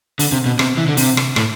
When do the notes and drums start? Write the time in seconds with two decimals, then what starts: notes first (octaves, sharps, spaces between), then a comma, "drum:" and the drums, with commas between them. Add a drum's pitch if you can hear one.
0.19 D3, drum: open hi-hat
0.32 C3
0.46 B2
0.59 C3, drum: rim click
0.77 E3
0.88 D3
0.97 C3, drum: open hi-hat
1.17 drum: rim click
1.36 A2, drum: rim click